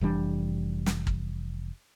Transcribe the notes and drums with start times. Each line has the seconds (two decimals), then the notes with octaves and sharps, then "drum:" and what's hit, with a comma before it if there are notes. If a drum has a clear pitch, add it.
0.01 F1 E3 G3 D4
0.86 drum: snare
1.07 drum: kick